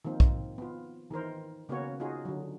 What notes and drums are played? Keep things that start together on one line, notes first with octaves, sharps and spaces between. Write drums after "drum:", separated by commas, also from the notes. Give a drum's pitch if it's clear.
D#3 F3 A#3 C4
drum: kick
B3 F4
D#3 E3 A#4 C5
C#3 A#3 B3 C#4 F#4 C#5
D#4 F4 F#4 G#4
D3 F#3